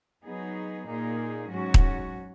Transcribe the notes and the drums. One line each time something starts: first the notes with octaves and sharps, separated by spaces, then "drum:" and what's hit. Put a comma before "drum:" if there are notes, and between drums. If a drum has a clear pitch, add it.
F#3 B3 D#4 G#4
A#2 A#3 D#4 G#4
G#2 F#3 C#4 F#4
drum: kick D#1